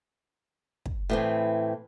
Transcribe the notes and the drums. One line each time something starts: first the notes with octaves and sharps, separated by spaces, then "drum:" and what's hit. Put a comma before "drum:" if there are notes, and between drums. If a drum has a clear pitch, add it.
drum: kick
A2 E3 C4